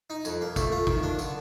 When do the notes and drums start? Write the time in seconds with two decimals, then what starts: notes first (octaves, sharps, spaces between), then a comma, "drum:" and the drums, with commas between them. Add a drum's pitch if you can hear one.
0.10 D#4
0.25 F2, drum: tambourine
0.41 A#3
0.56 A3, drum: kick, tambourine
0.72 F4
0.87 D#3, drum: kick
1.03 D4
1.19 D3, drum: tambourine